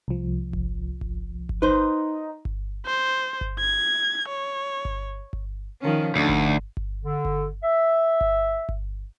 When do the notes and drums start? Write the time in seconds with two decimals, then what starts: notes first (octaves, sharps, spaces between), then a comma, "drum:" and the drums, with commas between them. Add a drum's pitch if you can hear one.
0.08 C2 F3
0.53 drum: kick G1
1.01 drum: kick G1
1.49 drum: kick G1
1.62 D#4 B4 C5
2.45 drum: kick G1
2.86 C5
3.41 drum: kick G1
3.60 G#6
4.29 C#5
4.85 drum: kick G1
5.33 drum: kick G1
5.81 D#3 F3 C#4
6.16 D2 D3 D#4
6.29 drum: kick G1
6.77 drum: kick G1
7.04 D3
7.25 drum: kick G1
7.63 E5
8.21 drum: kick G1
8.69 drum: kick G1